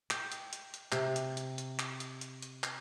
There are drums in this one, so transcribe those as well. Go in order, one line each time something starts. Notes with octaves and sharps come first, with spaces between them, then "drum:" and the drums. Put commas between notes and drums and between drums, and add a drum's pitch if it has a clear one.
G5, drum: clap
drum: hi-hat
drum: hi-hat
drum: hi-hat
C3, drum: clap
drum: hi-hat
drum: hi-hat
drum: hi-hat
drum: clap
drum: hi-hat
drum: hi-hat
drum: hi-hat
drum: clap